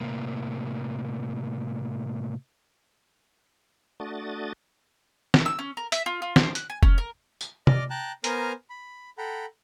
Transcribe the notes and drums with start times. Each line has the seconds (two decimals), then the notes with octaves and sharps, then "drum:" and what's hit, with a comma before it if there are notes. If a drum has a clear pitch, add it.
0.01 A2 C3 A#3
4.00 A3 D4 F#4 D#6 A6
5.34 drum: snare
5.46 E6
5.59 C#4
5.77 A#4
5.92 E5, drum: hi-hat
6.06 F4
6.22 F4
6.36 C5, drum: snare
6.55 F#6, drum: hi-hat
6.70 G#5
6.83 C#4, drum: kick F1
6.98 A#4
7.41 drum: tambourine
7.67 D5 D#5 D6 F6, drum: tom C3
7.90 G5 A5 A#5 F#6
8.24 B3 A#4 C5 G#5 A#5 F6, drum: hi-hat
8.70 B5
9.18 A4 F#5 G5 A#5 B5